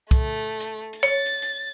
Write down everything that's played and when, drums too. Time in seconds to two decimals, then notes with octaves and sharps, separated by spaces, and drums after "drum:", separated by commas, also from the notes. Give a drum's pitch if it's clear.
0.11 A3, drum: kick C2, hi-hat
0.60 drum: hi-hat
0.93 drum: hi-hat
1.03 C#5 A6
1.26 drum: hi-hat
1.42 drum: hi-hat